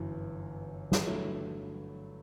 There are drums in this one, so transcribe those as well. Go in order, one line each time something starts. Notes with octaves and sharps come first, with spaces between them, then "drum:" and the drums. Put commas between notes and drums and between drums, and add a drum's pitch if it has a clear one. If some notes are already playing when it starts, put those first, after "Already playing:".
Already playing: G1 F#2 E3
drum: snare
G2 D3 F#3 A3 E4